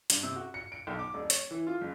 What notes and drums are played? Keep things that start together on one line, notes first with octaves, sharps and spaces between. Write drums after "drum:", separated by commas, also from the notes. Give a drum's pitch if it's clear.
G2, drum: hi-hat
C3
F#4
C#7
D7
B1
D6
D#1
C#5, drum: hi-hat
E3
F4
F#1